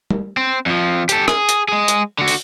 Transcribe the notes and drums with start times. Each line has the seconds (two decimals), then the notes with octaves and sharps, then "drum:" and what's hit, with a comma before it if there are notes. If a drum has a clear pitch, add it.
0.11 drum: tom G3
0.37 C4
0.66 F2 F3
1.09 G4 A4, drum: hi-hat
1.28 G#4, drum: rim click
1.49 drum: hi-hat
1.68 G#3 G#4
1.88 drum: hi-hat
2.18 D3 F#4
2.28 drum: open hi-hat